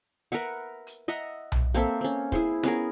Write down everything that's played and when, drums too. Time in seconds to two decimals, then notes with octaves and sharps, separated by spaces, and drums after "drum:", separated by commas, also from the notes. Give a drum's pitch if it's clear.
0.32 A#4 B4 E5 F#5
0.87 drum: hi-hat
1.08 D#5 E5 F#5 A#5
1.52 drum: tom B1
1.74 A#3 C4 A4 E5
2.01 C4 C#4
2.32 E4 G#4 C5, drum: kick
2.63 B3 C#4 G#4 A#4, drum: snare F4